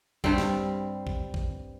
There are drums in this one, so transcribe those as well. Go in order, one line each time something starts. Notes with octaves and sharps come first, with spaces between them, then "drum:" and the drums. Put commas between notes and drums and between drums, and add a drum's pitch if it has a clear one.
G2 G3 C4, drum: kick A#1
drum: snare
drum: kick A#1
drum: kick A#1